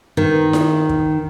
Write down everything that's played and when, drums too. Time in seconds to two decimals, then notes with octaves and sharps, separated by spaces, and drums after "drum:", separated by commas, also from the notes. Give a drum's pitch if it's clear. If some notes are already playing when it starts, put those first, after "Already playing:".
0.17 D#3
0.53 drum: snare E4
0.89 drum: kick